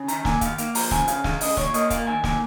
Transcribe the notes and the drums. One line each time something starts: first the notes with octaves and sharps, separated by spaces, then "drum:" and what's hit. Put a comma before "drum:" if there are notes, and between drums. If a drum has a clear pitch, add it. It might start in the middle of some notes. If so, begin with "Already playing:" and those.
Already playing: C#3
D#3 A#5, drum: hi-hat
A#3 G#5, drum: snare
D#3 F5, drum: kick, hi-hat
A#3 F5, drum: hi-hat
F3 A#5, drum: open hi-hat
C#3 G#5, drum: snare
C#3 F5, drum: hi-hat
G#3 F5, drum: snare
C#3 D#5, drum: open hi-hat
A#2 C#5, drum: snare
A#3 D#5, drum: hi-hat
A#2 F5, drum: kick, hi-hat
D#3 G#5
A#3 G#5, drum: snare